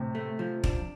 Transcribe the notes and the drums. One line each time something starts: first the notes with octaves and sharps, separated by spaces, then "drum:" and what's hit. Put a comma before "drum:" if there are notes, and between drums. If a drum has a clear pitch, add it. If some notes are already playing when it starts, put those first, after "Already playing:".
Already playing: A2 C3
A3
F3
D4, drum: kick